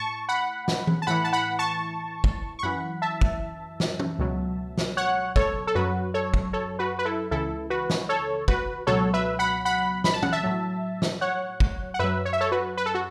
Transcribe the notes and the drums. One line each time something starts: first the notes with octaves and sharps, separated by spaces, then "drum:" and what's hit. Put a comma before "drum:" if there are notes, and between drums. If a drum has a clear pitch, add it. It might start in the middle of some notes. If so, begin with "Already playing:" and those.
Already playing: A2 A5 C#6
F#5 B5
drum: snare
drum: tom E3
A5
A2 E3 F#5 B5
A5
F#5 B5
A5 C#6
drum: kick
C#6
F#2 E3 F#5 B5
E5 A5
drum: kick
drum: snare
drum: tom
C#2 B2 F#3
drum: snare
C#5 F#5
A4 C#5, drum: kick
A4
F#2 F#3 F#4 B4
A4 C#5
drum: kick
A4 C#5
F#4 B4
B4
E4 A4
C#2 C#3 E3 E4 A4
F#4 B4
drum: snare
A4 C#5
F#4 B4, drum: kick
C#2 B2 F#3 A4 C#5
B4 E5
F#5 B5
F#5 B5
B5, drum: snare
A5
F#5, drum: tom
E5 A5
A2 F#3
drum: snare
C#5 F#5
drum: kick
F#5
F#2 F#3 B4 E5
C#5
E5
A4 C#5
F#4 B4
B4
A4
F#4